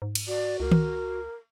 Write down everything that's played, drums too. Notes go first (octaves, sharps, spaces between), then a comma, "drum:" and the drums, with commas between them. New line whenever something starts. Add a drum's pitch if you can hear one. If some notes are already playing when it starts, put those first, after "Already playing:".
G#2
drum: cymbal
F#4 D5
C#2 A#4
drum: tom D#3